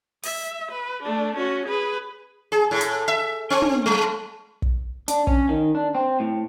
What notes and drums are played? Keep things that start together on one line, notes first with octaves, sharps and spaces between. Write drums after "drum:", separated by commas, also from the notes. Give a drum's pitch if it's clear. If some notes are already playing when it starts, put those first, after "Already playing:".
E5, drum: open hi-hat
B4
A3 D4
C#4 F#4
G#4 B4
G#4
A2
drum: hi-hat
E5
C4
drum: tom
G#3
drum: kick
D4, drum: hi-hat
C#4, drum: kick
D#3
D4
C4
A2